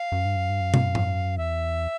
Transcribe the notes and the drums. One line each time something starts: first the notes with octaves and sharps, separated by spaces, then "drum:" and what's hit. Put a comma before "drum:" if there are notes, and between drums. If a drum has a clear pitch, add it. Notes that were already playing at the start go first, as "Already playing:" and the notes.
Already playing: F5
F#2
G2
F#2
G2
F#2
G2, drum: tom
F#2
drum: tom G#2
E2 E5